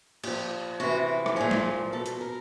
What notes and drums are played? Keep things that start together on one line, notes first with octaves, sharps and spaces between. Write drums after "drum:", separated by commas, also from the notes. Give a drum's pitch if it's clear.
A#2 F3 G4, drum: cymbal
C3 E3 F#4
drum: rim click
A#2 F3 G#4
drum: snare
B2 A4
drum: hi-hat
A#4